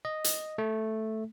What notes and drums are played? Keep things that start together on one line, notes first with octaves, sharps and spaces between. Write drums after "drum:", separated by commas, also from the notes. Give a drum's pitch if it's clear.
D#5
drum: hi-hat
A3